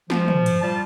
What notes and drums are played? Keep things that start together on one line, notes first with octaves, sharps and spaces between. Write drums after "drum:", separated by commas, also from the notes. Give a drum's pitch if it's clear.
F3, drum: snare
drum: tom
drum: cymbal
G3 F4 A5